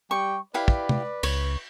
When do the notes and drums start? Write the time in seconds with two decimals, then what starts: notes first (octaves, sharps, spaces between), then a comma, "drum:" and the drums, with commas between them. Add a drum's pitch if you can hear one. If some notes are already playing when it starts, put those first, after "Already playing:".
0.11 G3 G5 C#6
0.54 E4 G4 B4 D5 F5
0.68 drum: kick
0.89 drum: tom
1.23 C#2 C#5, drum: cymbal